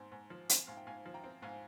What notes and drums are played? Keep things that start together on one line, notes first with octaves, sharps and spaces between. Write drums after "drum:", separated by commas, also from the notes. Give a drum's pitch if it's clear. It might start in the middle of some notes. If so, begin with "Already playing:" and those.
Already playing: G#2 C4 C6
G#2
F3
C4, drum: hi-hat
G#2 F5
G5
G#2 F5 G#5
F3
G5 A#5
C4
G#2 F5 G#5